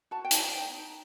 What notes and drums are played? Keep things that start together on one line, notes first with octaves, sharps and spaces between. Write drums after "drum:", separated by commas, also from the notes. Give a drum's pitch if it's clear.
F#4 A5
G5
D#4 A5, drum: hi-hat
D#4 G5
D#4